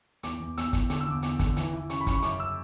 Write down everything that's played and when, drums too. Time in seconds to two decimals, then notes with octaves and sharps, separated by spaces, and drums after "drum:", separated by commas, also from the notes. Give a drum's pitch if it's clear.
0.23 E2 D6, drum: hi-hat
0.40 E2
0.57 E2 E6, drum: hi-hat
0.73 E2, drum: kick, hi-hat
0.90 D3 D6, drum: hi-hat
1.01 E6
1.07 E2 D6
1.23 E2 D6, drum: hi-hat
1.39 D3, drum: kick, hi-hat
1.57 E3, drum: hi-hat
1.73 E3
1.90 C#3 C#6, drum: hi-hat
2.01 B5
2.07 C#3 C#6, drum: kick, hi-hat
2.22 F#2 D6, drum: hi-hat
2.40 E6